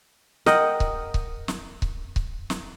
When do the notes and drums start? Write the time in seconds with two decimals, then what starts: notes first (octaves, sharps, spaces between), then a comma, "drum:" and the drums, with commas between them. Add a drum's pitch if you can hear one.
0.46 A#4 D#5 F#5 G5, drum: snare
0.80 drum: kick C#1
1.14 drum: kick C#1
1.48 drum: snare
1.82 drum: kick C#1
2.16 drum: kick C#1
2.50 drum: snare